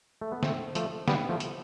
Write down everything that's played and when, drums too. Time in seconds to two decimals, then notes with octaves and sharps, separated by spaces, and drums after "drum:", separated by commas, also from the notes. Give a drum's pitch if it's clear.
0.21 A3
0.32 B3
0.43 A3 C4, drum: snare
0.75 F3 A3, drum: hi-hat
1.08 G3 B3, drum: snare
1.29 F3 A3
1.40 drum: hi-hat